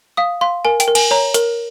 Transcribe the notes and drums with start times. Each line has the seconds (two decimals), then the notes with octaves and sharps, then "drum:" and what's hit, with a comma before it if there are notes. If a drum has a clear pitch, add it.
0.17 F5 D#6
0.41 F5 C6
0.65 A#4 G#5
0.80 G5, drum: hi-hat
0.88 A#4
0.95 G#5, drum: cymbal
1.11 C#5 A#5
1.34 A#4, drum: hi-hat